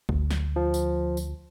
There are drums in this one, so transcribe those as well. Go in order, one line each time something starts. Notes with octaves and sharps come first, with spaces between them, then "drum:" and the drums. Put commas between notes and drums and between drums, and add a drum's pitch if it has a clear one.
D2, drum: kick G1
drum: snare
F3
drum: tambourine
drum: tambourine